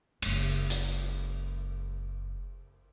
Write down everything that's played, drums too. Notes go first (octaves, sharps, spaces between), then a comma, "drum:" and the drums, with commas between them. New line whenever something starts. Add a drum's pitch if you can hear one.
F#1 G#3, drum: cymbal
drum: hi-hat